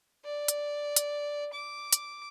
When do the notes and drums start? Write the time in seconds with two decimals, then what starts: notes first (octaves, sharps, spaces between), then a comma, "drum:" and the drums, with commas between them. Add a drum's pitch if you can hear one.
0.24 D5
0.48 drum: hi-hat
0.96 drum: hi-hat
1.53 D6
1.93 drum: hi-hat